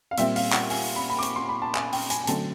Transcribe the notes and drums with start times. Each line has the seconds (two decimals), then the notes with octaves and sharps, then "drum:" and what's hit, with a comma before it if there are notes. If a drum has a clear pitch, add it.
0.11 F5
0.18 A#2 G3 C4 E5, drum: hi-hat
0.36 F5, drum: open hi-hat
0.53 F#5, drum: clap
0.70 G#5, drum: open hi-hat
0.96 B5
1.10 B5
1.19 D6
1.23 C#6, drum: hi-hat
1.36 C6
1.49 B5
1.62 A5
1.75 G#5, drum: clap
1.93 G5, drum: open hi-hat
2.10 G#5, drum: hi-hat
2.24 G#5
2.27 D3 F#3 A3 C4 A5, drum: hi-hat